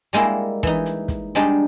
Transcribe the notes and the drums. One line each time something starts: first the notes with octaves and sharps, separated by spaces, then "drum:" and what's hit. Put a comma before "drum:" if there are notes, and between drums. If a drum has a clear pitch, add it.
G3 G#3 A#3 E4
E3 D#4, drum: kick, hi-hat
drum: hi-hat
drum: kick, hi-hat
G3 G#3 D4 D#4